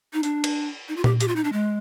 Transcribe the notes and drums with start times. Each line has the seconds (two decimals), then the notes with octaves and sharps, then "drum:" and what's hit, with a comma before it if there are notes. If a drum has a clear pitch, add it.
0.13 D#4
0.23 D4, drum: hi-hat
0.44 drum: cymbal
0.88 D#4
0.96 F4
1.04 G4, drum: tom A#2
1.20 G4, drum: hi-hat
1.28 F4
1.36 D#4
1.44 D4
1.53 G#3